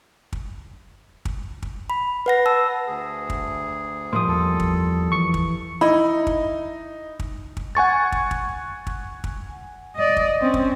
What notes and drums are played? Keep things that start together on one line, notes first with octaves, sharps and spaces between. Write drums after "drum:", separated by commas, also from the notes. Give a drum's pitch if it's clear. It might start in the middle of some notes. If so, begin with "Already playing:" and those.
drum: kick
drum: kick
drum: kick
B5
B4 F#5 A#6
A5 E6
D2 G#4
drum: kick
A2 F3 G3 A#3 C6 D#6
E2 A4
drum: kick
E3 C#6 C#7
drum: kick
D#4 E4 B5
drum: kick
drum: kick
drum: kick
F#5 G#5 C#6 A6
drum: kick
drum: kick
drum: kick
drum: kick
D5 D#5
drum: kick
C4 C#4
drum: kick